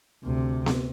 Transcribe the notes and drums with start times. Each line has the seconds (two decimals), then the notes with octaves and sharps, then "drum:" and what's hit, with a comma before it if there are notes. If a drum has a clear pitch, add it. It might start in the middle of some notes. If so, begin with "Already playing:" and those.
0.24 D2 C3
0.66 drum: snare B3